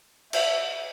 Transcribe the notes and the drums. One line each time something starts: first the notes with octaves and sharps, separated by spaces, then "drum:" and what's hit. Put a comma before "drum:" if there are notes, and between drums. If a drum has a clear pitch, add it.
E5, drum: cymbal